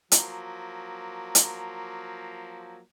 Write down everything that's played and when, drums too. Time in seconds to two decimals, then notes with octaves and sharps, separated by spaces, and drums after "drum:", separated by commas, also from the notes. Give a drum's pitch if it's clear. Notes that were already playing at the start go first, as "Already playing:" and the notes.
0.12 F3 F#3 A#3, drum: hi-hat
1.35 drum: hi-hat